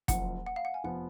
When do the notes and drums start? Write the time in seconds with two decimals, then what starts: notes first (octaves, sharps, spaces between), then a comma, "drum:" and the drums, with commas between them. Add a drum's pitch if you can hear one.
0.08 F#1 F#2 F3 F#5, drum: kick, hi-hat
0.46 F#5
0.56 F5
0.65 F#5
0.74 G#5
0.84 F1 F3 B3 F#5